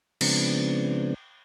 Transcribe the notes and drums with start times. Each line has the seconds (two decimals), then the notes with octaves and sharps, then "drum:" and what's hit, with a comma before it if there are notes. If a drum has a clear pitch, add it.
0.21 C#3 F3 G#3 B3 C4 D4, drum: cymbal